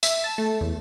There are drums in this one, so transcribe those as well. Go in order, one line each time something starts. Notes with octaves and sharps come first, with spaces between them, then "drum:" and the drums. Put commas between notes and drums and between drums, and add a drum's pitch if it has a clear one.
E5, drum: tambourine
A5
A3
E2